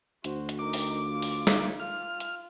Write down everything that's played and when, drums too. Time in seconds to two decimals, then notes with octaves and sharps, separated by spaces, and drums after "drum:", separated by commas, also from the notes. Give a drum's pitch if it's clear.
0.24 D2 F#4 C5, drum: hi-hat
0.49 drum: hi-hat
0.59 D#4 A#4 D6
0.73 drum: open hi-hat
1.06 F4 F5
1.22 drum: open hi-hat
1.47 drum: snare
1.80 F4 F6
2.20 drum: hi-hat